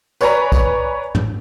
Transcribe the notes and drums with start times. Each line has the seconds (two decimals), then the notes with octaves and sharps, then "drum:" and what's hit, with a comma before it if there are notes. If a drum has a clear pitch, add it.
0.21 B4 C#5 D5 G#5 A#5 B5, drum: tambourine
0.52 drum: kick, tambourine
1.15 drum: tom